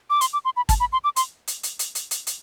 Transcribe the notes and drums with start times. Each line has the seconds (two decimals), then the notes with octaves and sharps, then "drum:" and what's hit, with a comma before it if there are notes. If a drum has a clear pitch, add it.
0.10 D6
0.21 C6, drum: hi-hat
0.33 D6
0.45 C6
0.57 B5
0.69 A5, drum: kick, hi-hat
0.80 B5
0.93 C6
1.04 D6
1.16 C6, drum: hi-hat
1.47 drum: hi-hat
1.63 drum: hi-hat
1.79 drum: hi-hat
1.95 drum: hi-hat
2.11 drum: hi-hat
2.27 drum: hi-hat